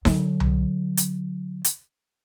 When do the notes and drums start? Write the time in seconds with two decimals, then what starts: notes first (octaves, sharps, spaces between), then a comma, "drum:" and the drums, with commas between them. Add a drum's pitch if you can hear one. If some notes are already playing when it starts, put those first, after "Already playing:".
0.05 D3 F#3, drum: snare D#4
0.40 drum: tom C2
0.97 drum: hi-hat
1.64 drum: hi-hat